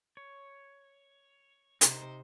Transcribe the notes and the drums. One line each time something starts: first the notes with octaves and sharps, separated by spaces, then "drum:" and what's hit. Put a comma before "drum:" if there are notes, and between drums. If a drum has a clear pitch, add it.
C#5
C3 D#4 C5, drum: hi-hat